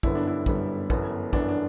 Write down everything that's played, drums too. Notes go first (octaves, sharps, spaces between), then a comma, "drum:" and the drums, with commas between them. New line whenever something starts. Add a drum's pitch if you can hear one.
G1 F#2 D3 G3 B3 E4, drum: kick, tambourine
D4
E4
G1 F#2 D3 G3 B3, drum: kick, tambourine
G1 F#2 E3 B3, drum: kick, tambourine
G1 F#2 E3 B3 D4, drum: kick, tambourine
D4